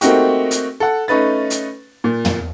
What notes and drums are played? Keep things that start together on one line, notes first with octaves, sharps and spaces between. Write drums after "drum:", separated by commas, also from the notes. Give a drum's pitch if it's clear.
A3 A#3 C4 D#4 F#4 G4, drum: hi-hat
drum: hi-hat
A4 F#5
A3 C#4 D#4 B4 A6
drum: hi-hat
A#2
drum: tom